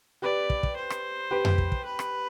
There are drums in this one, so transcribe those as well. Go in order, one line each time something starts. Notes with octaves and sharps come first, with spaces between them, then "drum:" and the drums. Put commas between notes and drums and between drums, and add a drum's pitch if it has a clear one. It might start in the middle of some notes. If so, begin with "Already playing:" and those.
G4 B4 D5
drum: kick
drum: kick
C5
drum: rim click
G4 B4
drum: tom F2
drum: kick
drum: kick
B4
drum: rim click